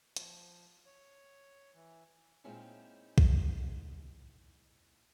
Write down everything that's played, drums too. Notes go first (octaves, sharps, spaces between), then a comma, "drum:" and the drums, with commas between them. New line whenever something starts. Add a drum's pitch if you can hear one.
F3, drum: hi-hat
C#5
E3
A#2 G#3 C4 C#4 D#4 E4
drum: kick B1